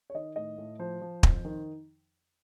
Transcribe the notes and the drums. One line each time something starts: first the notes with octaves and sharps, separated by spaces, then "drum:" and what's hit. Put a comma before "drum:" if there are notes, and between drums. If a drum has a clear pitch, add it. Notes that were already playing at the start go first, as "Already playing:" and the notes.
C#5
D#3 D#5
A2 D#5
A2
F3 C5
F3
F2, drum: kick
D#3